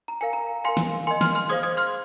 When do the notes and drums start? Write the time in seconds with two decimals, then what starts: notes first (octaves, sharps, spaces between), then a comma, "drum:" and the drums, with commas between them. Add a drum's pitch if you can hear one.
0.08 A#5
0.21 A#4 F5 G#5
0.33 A#5
0.64 A#4 F5 G#5 C6
0.77 drum: snare
1.07 A#4 D#5 G#5 C6
1.21 C6 F6, drum: snare
1.35 C6 F6
1.49 G#4 C5 F5 D#6 G#6, drum: hi-hat
1.63 D#6 G#6
1.77 C6 F6